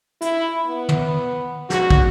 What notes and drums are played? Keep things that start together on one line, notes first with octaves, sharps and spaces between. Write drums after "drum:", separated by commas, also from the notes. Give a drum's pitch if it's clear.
E4, drum: hi-hat
B3
drum: tom
F#4, drum: snare
drum: kick